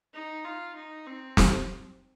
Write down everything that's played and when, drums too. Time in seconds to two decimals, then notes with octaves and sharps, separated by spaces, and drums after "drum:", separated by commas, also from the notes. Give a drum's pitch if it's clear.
0.14 D#4
0.44 F4
0.75 D#4
1.06 C4
1.37 drum: snare